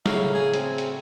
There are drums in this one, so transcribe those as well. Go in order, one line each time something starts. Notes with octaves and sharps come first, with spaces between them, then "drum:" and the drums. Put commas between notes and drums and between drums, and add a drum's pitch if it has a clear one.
A2 C#3 F#3 F5, drum: snare
G#4
C4, drum: hi-hat
drum: hi-hat